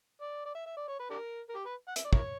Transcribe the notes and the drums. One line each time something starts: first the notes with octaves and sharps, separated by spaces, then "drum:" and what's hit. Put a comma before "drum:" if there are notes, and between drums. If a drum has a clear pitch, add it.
D5
D5
E5
E5
D5
C#5
B4
D4 G4 A#4
A#4
G4
B4
F#5
E5, drum: hi-hat
D5
E4 A#4 C#5, drum: kick